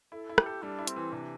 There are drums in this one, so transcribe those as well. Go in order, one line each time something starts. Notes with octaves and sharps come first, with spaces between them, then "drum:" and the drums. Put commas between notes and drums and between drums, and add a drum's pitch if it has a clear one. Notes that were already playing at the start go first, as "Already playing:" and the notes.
E4 A4
E4
G4, drum: rim click
A4
G3 D4
E4
C4, drum: hi-hat
E3
C3 D4